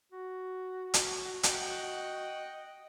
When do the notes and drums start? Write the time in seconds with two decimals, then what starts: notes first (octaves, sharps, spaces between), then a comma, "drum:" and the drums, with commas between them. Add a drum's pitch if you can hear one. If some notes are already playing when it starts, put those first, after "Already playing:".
0.12 F#4
0.94 drum: hi-hat
1.43 D#5 F#5 G5, drum: hi-hat